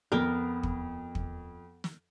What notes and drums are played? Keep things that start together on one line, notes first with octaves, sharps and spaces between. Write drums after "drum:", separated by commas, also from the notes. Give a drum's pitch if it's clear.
F2 B3 A#4
drum: kick
drum: kick
drum: snare